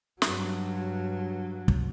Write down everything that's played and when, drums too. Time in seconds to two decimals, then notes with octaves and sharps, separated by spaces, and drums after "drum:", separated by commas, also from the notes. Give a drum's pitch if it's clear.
0.22 G2 F#3, drum: snare
1.68 drum: kick